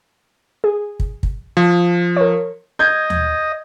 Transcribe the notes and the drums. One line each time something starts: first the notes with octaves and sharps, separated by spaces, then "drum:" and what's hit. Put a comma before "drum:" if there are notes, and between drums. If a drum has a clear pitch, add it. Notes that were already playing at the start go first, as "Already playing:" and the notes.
G#4
drum: kick
drum: kick
F3
A#4 C#5
D#5 G6 G#6
drum: tom D#2